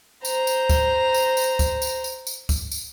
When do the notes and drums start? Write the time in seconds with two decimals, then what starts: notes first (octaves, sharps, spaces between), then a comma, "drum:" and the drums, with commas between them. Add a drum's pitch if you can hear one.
0.25 C5 A#5, drum: tambourine
0.47 drum: tambourine
0.70 drum: kick C#2, tambourine
1.14 drum: tambourine
1.37 drum: tambourine
1.59 drum: kick C#2, tambourine
1.82 drum: tambourine
2.04 drum: tambourine
2.27 drum: tambourine
2.49 drum: kick C#2, tambourine
2.71 drum: tambourine